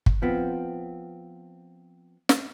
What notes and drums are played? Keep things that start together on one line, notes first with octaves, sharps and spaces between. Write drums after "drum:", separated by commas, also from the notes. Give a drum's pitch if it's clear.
drum: kick
F3 B3 C4
drum: snare